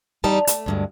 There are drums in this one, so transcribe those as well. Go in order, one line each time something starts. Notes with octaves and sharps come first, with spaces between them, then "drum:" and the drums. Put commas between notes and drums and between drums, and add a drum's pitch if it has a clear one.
E2 G3 D#4 A5
A3, drum: hi-hat
D2 G2 G#3